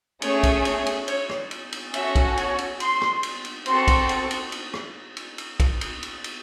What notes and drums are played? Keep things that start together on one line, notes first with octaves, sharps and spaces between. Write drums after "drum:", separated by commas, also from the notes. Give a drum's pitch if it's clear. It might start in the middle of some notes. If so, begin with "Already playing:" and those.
A3 C#4 G#4 C#5, drum: cymbal
drum: kick, cymbal
C#5, drum: cymbal
drum: cymbal
C#5, drum: cymbal
drum: rim click
drum: cymbal
drum: cymbal
C#4 F#4 A4 E5, drum: cymbal
drum: kick, cymbal
C#5, drum: cymbal
drum: cymbal
C6, drum: cymbal
drum: rim click
drum: cymbal
drum: cymbal
C4 F#4 A4 C6, drum: cymbal
drum: kick, cymbal
drum: cymbal
drum: cymbal
drum: cymbal
drum: rim click
drum: cymbal
drum: cymbal
drum: kick, cymbal
drum: cymbal
drum: cymbal
drum: cymbal